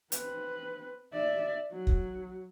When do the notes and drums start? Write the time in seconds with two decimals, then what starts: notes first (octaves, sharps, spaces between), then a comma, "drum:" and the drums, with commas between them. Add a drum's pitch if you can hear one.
0.12 C4 B4, drum: hi-hat
1.13 D5 E5
1.71 F#3
1.87 drum: kick